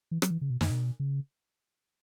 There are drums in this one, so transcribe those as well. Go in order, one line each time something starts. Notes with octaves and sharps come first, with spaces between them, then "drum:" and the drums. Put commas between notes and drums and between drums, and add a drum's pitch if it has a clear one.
E3
F#3, drum: rim click
E3
C#3
B2
F#2, drum: snare
B2
C#3